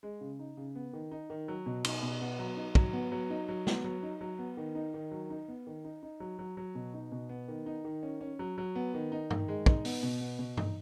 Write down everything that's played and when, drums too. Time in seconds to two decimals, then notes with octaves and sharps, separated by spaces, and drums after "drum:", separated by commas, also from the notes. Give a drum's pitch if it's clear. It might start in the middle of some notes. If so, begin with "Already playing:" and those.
0.03 G#3
0.21 C#3
0.39 D#4
0.57 C#3
0.75 B3
0.93 D#3
1.11 D#4
1.30 D#3
1.48 F#3
1.66 B2
1.85 D#4, drum: cymbal
2.03 B2
2.21 B3
2.39 F#3
2.57 D#4
2.75 F#3, drum: kick
2.93 B3
3.12 F#3
3.30 D#4
3.49 F#3
3.67 B3, drum: snare
3.84 F#3
4.03 D#4
4.21 F#3
4.39 B3
4.57 D#3
4.75 D#4
4.94 D#3
5.11 F#3
5.30 D#4
5.48 B3
5.67 D#3
5.84 D#4
6.03 D#4
6.20 F#3
6.39 F#3
6.57 F#3
6.75 B2
6.94 D#4
7.12 B2
7.29 B3
7.48 D#3
7.66 D#4
7.85 D#3
8.03 C#4
8.21 C#4
8.39 F#3
8.58 F#3
8.75 B3
8.94 D#3
9.12 D#4
9.30 D#3, drum: tom G2
9.48 G#3
9.66 D#4, drum: kick
9.85 B3, drum: open hi-hat
10.03 B2
10.21 B3
10.39 B2
10.57 D#4, drum: tom G2